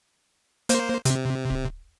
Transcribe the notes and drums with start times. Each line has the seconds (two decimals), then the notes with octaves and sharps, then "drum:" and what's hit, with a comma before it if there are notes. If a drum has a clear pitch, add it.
0.69 A#3 C5, drum: hi-hat
1.05 C3, drum: hi-hat
1.50 drum: kick D1